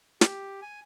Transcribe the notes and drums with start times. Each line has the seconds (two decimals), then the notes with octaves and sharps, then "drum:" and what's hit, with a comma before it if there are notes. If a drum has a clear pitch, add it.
0.21 G4, drum: snare
0.62 G#5